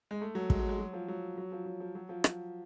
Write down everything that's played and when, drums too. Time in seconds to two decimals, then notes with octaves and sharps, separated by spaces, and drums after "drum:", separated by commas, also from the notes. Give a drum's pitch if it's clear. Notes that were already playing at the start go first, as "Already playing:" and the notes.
0.11 G#3
0.21 A3
0.35 F#3
0.50 G#3, drum: kick
0.59 F#3
0.69 G#3
0.79 F#3
0.93 F3
1.08 F#3
1.38 F#3
1.52 F3
1.66 F#3
1.80 F3
1.95 F#3
2.09 F3
2.24 drum: rim click